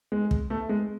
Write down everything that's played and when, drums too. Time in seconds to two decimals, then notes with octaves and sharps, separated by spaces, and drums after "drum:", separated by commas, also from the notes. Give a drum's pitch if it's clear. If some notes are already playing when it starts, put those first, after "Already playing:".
0.12 G#3
0.31 drum: kick
0.50 A3
0.69 G#3